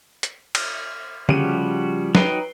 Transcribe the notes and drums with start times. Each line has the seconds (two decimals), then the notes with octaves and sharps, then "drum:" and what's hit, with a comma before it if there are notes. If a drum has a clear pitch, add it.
0.23 drum: hi-hat
0.55 drum: cymbal
1.29 C#3 F3 G3 F#4 G4 D#7, drum: tom D3
2.15 F#3 D#4 B4 G5 C7 G7, drum: snare